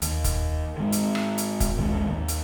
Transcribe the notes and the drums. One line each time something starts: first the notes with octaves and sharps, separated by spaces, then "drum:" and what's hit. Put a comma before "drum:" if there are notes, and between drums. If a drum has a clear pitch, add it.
D#2, drum: hi-hat
drum: kick, hi-hat
G#2 D#3
drum: hi-hat
drum: rim click
drum: hi-hat
drum: kick, hi-hat
A#1 D#2 G#2
D#2
drum: hi-hat